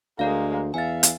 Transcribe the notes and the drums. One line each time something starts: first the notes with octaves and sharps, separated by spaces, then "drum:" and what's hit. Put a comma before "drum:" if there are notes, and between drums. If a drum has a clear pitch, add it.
D2 G#3 A#3 A#4 D5 F5
E2 E5 F5 G#5 A6
drum: hi-hat